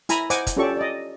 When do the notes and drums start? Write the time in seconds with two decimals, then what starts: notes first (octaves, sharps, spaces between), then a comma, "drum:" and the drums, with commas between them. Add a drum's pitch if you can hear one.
0.09 E4 G#5 A#5 B5, drum: hi-hat
0.30 C5 D#5 F#5 G#5 D6, drum: hi-hat
0.47 drum: kick, hi-hat
0.57 C#4 F4 G4 A4 D5 C#6
0.77 D5 D#5